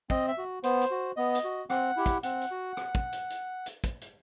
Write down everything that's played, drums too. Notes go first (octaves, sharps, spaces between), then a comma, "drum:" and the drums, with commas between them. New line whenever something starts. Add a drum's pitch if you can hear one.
C4 D#5, drum: kick
E5
F#4
B3 C5, drum: hi-hat
drum: hi-hat
F#4
B3 D#5
drum: hi-hat
F#4
C4 F#5, drum: rim click
E4 G4
drum: kick, hi-hat
C4 F#5, drum: hi-hat
drum: hi-hat
F#4
drum: rim click
drum: kick
drum: hi-hat
drum: hi-hat
drum: hi-hat
drum: kick, hi-hat
drum: hi-hat